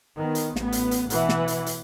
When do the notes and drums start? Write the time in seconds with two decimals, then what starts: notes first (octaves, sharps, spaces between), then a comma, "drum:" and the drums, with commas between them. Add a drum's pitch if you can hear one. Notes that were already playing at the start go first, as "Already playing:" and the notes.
0.19 D#3 B3
0.35 drum: hi-hat
0.56 A1 B3, drum: snare
0.72 drum: hi-hat
0.91 drum: hi-hat
1.10 B2 E3 F#5, drum: hi-hat
1.29 drum: snare
1.48 drum: hi-hat
1.66 drum: hi-hat